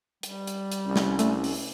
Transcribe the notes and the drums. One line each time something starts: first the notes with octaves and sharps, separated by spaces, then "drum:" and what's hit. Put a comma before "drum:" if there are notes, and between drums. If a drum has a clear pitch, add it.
G3, drum: hi-hat
drum: hi-hat
drum: hi-hat
C2 C#4
drum: snare
A3, drum: hi-hat
drum: open hi-hat